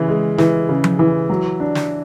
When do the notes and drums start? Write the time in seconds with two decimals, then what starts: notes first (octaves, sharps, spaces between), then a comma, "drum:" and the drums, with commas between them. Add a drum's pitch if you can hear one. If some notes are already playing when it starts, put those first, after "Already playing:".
Already playing: C#3 E3
0.08 G#3
0.38 E3, drum: snare
0.69 C#3
0.84 drum: tom F3
0.99 E3
1.30 F#3
1.60 D4
1.75 drum: snare